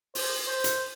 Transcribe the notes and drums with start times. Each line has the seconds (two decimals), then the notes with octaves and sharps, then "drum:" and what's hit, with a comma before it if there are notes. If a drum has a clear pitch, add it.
0.15 C5, drum: open hi-hat
0.48 C5
0.64 drum: hi-hat